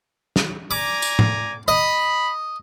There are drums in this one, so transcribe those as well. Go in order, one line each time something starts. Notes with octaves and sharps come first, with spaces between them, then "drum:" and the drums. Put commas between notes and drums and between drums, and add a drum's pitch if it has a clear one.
drum: snare
D5 G#5 A#5 D6
drum: tambourine
drum: tom A2
D#5 B5